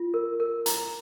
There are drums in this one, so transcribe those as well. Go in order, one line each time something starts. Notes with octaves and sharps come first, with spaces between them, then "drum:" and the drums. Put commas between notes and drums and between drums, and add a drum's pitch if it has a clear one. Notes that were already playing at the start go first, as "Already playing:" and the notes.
Already playing: F4
A#4
A#4
A#5, drum: hi-hat